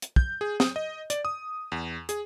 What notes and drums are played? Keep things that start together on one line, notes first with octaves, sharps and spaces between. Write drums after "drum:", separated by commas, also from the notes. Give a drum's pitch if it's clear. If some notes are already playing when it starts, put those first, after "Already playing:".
drum: hi-hat
G6, drum: kick
G#4
D#6, drum: snare
D#5
D5, drum: hi-hat
D#6
E2
G#4, drum: hi-hat